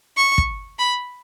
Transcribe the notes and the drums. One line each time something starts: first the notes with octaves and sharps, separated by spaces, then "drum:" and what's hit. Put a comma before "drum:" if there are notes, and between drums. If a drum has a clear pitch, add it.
C#6
drum: kick
B5